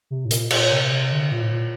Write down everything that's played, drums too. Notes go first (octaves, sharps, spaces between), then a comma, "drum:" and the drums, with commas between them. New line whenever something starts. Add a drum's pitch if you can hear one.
C3
A2
A#2, drum: hi-hat
A#2, drum: cymbal
C3
C3
D3
A#2
A2
A#2